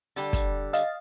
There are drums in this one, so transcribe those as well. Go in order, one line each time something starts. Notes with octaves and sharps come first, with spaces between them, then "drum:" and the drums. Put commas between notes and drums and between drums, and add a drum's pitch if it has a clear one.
D3 G3
drum: kick, hi-hat
D#5 F5 A6, drum: hi-hat